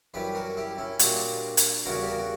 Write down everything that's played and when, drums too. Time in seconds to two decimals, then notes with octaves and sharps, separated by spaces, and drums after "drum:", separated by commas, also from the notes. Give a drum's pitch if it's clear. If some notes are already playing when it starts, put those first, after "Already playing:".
0.14 F#2 E3 G3 G4 B4
0.35 F#4 A#4
0.57 E4 G4
0.78 C#4 E4
0.99 A#2 G3 D4 F#4, drum: hi-hat
1.57 drum: hi-hat
1.85 E2 C#3 G3 F#4 A#4
2.02 G4
2.07 F#4 A#4
2.19 F#4